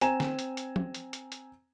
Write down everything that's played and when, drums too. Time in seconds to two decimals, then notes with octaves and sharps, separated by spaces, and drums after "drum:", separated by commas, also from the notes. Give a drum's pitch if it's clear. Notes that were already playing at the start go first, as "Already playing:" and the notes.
0.01 C4 G#5 A#5 E7, drum: hi-hat
0.20 drum: snare
0.39 drum: hi-hat
0.57 drum: hi-hat
0.76 drum: tom F3
0.94 drum: hi-hat
1.13 drum: hi-hat
1.32 drum: hi-hat